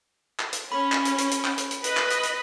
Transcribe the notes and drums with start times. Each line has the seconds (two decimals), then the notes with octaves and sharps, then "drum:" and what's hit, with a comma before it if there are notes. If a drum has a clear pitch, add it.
0.40 drum: clap
0.53 drum: hi-hat
0.72 C#4 B5
0.92 drum: clap
1.05 drum: hi-hat
1.18 drum: hi-hat
1.31 drum: hi-hat
1.45 drum: clap
1.58 drum: hi-hat
1.71 drum: hi-hat
1.84 B4 D#5 B5, drum: hi-hat
1.97 drum: clap
2.10 drum: hi-hat
2.23 drum: hi-hat